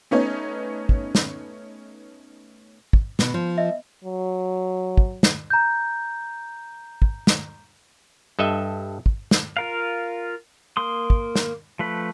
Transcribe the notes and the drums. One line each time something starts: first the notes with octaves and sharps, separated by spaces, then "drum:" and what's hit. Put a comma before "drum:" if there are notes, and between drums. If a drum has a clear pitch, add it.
A3 B3 C#4 D#4 C#5
drum: kick
drum: snare
drum: kick
B2, drum: snare
F3
D#5 E5
F#3
drum: kick
drum: snare
A#5 G6
drum: kick
drum: snare
G2 A4 D#5 E5
drum: kick
drum: snare
F4 A#4 F5
A#3 C6 D#6
drum: kick
drum: snare
F3 A3 B4